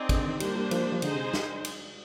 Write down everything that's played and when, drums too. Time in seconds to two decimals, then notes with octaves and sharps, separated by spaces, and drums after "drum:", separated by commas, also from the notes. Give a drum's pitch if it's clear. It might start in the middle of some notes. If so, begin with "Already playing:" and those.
Already playing: C4 D#4 G#4 D5
0.09 D3, drum: kick, cymbal
0.25 D#3
0.40 G3 A#3 D4 G4 C5, drum: cymbal
0.55 G3
0.71 F3, drum: cymbal
0.82 G3
0.92 F3
1.02 D3 G#3 D#4 G#4 C5, drum: cymbal
1.13 C3
1.33 drum: snare
1.65 drum: cymbal